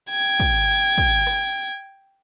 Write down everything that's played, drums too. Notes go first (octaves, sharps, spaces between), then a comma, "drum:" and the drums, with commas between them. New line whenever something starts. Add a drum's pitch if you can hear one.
G5 G#6
drum: kick
drum: kick
drum: rim click